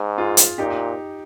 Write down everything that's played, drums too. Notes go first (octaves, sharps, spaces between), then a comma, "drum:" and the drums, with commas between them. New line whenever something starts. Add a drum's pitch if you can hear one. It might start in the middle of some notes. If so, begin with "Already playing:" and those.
Already playing: G#2
F4 G#4
drum: hi-hat
A#2 D#4 G4